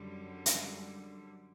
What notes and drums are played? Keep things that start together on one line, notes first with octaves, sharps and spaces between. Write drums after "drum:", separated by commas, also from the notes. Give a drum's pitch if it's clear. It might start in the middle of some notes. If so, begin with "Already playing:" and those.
Already playing: F#2 D3 G3
G#3, drum: hi-hat